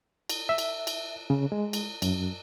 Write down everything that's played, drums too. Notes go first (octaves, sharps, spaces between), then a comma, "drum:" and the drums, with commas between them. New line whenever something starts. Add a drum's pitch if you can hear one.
drum: cymbal
E5
drum: cymbal
drum: cymbal
C#3
G#3
drum: cymbal
F#2, drum: cymbal